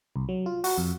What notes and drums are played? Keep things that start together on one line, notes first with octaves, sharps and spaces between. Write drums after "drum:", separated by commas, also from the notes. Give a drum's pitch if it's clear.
C2
F#3
F4
F#4, drum: open hi-hat
F2